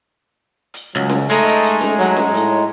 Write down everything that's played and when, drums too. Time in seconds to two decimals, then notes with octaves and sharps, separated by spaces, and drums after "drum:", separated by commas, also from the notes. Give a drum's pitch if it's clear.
0.74 drum: hi-hat
0.96 C#2 F#3
1.09 drum: snare C#4
1.30 G#3 A3 D#4, drum: hi-hat
1.45 drum: hi-hat
1.63 drum: hi-hat
1.81 drum: snare C#4
1.99 F#3, drum: hi-hat
2.17 drum: snare C#4
2.34 A2, drum: hi-hat